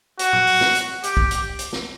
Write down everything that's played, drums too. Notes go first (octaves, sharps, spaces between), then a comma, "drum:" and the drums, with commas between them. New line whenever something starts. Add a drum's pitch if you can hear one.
F#4, drum: hi-hat
drum: tom A2
drum: open hi-hat
drum: snare
drum: hi-hat
G4, drum: hi-hat
drum: kick
drum: hi-hat
drum: hi-hat
drum: snare